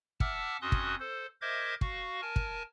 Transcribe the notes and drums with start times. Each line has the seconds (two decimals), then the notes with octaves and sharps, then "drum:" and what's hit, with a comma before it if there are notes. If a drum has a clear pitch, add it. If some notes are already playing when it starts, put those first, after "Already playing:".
0.20 E5 F#5 A5 D6 E6 F6, drum: kick
0.62 F2 C#4 F#4 C6 D#6 F#6
0.72 drum: kick
1.00 A4 C5
1.41 A#4 C5 D#5 E5 D6 G#6
1.81 F#4 F5 C#6, drum: kick
2.22 A#4 G#5 A5
2.36 drum: kick